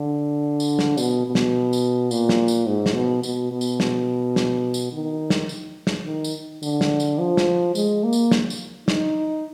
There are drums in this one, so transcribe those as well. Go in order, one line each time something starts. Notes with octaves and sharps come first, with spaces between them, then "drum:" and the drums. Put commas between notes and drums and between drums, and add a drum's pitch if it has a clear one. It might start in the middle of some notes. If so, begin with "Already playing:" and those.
Already playing: D3
drum: tambourine
drum: snare
B2, drum: tambourine
B2
drum: snare
drum: tambourine
A#2, drum: tambourine
drum: snare
drum: tambourine
G#2
drum: snare
B2
B2, drum: tambourine
B2
drum: tambourine
drum: snare
drum: snare
drum: tambourine
D#3
drum: snare
drum: tambourine
drum: snare
D#3
drum: tambourine
D3, drum: tambourine
drum: snare
drum: tambourine
F3
drum: snare
G#3, drum: tambourine
A#3
drum: tambourine
drum: snare
drum: tambourine
D#4, drum: snare